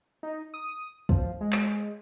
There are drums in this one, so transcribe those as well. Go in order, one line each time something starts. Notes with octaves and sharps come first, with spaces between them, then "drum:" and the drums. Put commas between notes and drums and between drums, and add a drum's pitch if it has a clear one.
D#4
D#6
F3, drum: kick
G#3
drum: clap